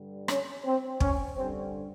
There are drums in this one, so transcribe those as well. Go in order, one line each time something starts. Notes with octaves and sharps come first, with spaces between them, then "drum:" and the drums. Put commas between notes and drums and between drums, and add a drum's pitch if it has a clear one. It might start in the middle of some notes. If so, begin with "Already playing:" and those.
Already playing: G2 D3 G3
C#4 C#5, drum: rim click
C4 C5
C#4 C#5, drum: kick
G2 D3 G3 C4 C5